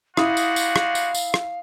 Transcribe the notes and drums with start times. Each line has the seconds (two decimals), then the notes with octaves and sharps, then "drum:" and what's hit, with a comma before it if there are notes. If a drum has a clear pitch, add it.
0.17 G3 G#3 E4 F#4 F5 D#6, drum: rim click
0.37 drum: tambourine
0.56 drum: tambourine
0.76 drum: rim click
0.95 drum: tambourine
1.14 drum: tambourine
1.34 drum: rim click